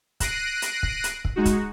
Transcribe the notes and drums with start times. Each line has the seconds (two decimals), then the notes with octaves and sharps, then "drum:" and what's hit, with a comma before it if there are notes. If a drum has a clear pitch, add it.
0.20 F#6 A#6 C7 D7 D#7, drum: kick, hi-hat
0.62 drum: hi-hat
0.83 drum: kick
1.04 drum: hi-hat
1.25 drum: kick
1.36 G#3 D#4 F#4
1.45 drum: kick, hi-hat